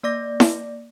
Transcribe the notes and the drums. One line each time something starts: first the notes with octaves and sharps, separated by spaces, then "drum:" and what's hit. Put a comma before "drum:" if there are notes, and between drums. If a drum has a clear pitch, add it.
A#3 D5 D6 A#6
drum: snare E4